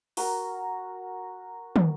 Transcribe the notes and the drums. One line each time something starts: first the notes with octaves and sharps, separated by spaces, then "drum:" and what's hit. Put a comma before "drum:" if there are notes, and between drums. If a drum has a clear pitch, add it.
F#4 A#4 A#5, drum: open hi-hat
drum: tom